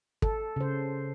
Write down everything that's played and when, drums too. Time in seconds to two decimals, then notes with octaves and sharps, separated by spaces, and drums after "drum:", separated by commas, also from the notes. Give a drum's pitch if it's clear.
0.22 A4, drum: kick
0.56 C#3 C5